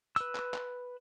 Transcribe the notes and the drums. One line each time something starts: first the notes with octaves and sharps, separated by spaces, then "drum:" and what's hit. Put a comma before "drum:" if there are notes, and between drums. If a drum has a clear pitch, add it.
B4 E6, drum: hi-hat
drum: clap
drum: clap